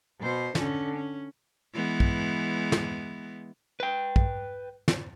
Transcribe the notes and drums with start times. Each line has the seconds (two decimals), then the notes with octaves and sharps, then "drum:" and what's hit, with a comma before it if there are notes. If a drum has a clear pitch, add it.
0.20 B2 C5
0.55 D3 C#4, drum: snare
0.95 C#4
1.73 E3 G#3 B3
2.00 drum: kick
2.72 drum: snare
3.80 B4 G5
4.16 drum: kick
4.88 drum: snare